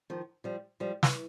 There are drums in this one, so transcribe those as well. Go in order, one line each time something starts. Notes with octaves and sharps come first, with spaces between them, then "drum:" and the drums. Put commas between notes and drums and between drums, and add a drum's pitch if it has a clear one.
D#3 F3
F3 G3
F3 G3
E3, drum: snare